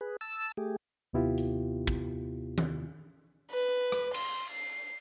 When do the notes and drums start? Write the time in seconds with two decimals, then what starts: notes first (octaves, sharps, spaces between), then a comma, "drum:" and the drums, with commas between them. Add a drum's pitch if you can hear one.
0.01 G#4 B4
0.21 A5 E6
0.57 A3 G4 G#4
1.13 D#2 C3 B3 E4 F4 G4
1.38 drum: hi-hat
1.87 drum: kick
2.58 drum: tom D#3
3.51 B4
3.92 drum: rim click
4.14 C6, drum: cymbal
4.50 C7